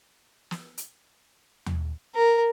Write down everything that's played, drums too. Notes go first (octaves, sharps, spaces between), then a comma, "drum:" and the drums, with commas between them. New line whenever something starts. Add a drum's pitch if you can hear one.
drum: snare
drum: hi-hat
drum: tom
A#4